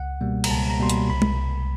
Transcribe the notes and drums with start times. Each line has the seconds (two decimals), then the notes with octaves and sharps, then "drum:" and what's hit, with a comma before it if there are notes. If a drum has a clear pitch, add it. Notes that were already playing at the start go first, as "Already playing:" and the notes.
Already playing: C#2 F#5
0.21 B2 G3 A#3
0.44 A#5, drum: cymbal
0.50 C#2 A5
0.70 A#5
0.80 B2 G3 A#3 C6
0.90 B5, drum: hi-hat
1.09 C2 B5
1.22 drum: tom